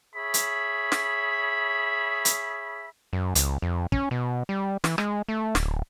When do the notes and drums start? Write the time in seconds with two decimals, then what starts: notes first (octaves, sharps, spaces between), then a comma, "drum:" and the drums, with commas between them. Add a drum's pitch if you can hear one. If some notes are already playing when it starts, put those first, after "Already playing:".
0.15 G#4 C#5 E5 B5
0.34 drum: hi-hat
0.92 drum: snare
2.25 drum: hi-hat
3.13 F#2
3.35 C#2, drum: hi-hat
3.62 F2
3.92 C#4, drum: kick
4.11 B2
4.49 G3
4.84 E3, drum: snare
4.98 G#3, drum: rim click
5.29 A3
5.55 D1, drum: snare